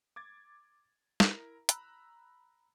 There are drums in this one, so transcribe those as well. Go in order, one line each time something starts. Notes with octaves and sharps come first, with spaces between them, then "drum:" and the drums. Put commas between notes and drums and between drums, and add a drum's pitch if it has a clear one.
D6 G#6 A6
E4 A#4 A#5, drum: snare
A#5 B5 E6 F#6, drum: hi-hat